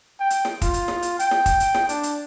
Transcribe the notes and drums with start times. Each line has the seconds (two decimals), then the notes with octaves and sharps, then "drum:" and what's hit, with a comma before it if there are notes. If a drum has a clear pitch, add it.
0.20 G5
0.30 drum: hi-hat
0.45 drum: snare
0.62 F4, drum: kick, hi-hat
0.74 drum: hi-hat
0.88 drum: snare
1.02 drum: hi-hat
1.20 G5, drum: hi-hat
1.31 drum: snare
1.46 drum: kick, hi-hat
1.60 drum: hi-hat
1.75 drum: snare
1.89 D4, drum: hi-hat
2.03 drum: hi-hat